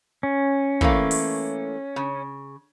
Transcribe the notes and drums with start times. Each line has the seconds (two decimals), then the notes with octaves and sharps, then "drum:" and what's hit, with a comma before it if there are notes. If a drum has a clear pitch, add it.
0.23 C#4
0.81 E3 A3 A#3, drum: kick
1.11 drum: open hi-hat
1.96 C#3